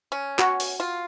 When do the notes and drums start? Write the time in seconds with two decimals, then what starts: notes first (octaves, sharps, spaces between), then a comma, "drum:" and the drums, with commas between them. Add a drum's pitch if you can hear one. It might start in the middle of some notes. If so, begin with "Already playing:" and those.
0.12 C#4
0.39 F#4, drum: clap
0.60 drum: open hi-hat
0.80 F4